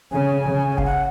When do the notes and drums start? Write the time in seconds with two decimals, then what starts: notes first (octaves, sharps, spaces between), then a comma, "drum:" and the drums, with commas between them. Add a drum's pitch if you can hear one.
0.12 C#3 G#5
0.48 C#3
0.78 F5, drum: kick F#1
0.85 F#5